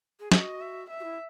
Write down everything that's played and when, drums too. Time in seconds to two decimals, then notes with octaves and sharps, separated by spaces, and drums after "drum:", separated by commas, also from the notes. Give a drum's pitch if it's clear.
0.20 G#4
0.32 F#4 D#5, drum: snare
0.61 E5
0.90 E5
1.00 F#4
1.04 E4